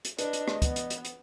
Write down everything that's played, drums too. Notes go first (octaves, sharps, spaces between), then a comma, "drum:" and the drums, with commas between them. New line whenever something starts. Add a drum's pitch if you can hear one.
drum: hi-hat
D4 B4 D#5, drum: hi-hat
drum: hi-hat
drum: rim click
B3, drum: kick, hi-hat
drum: hi-hat
drum: hi-hat
drum: hi-hat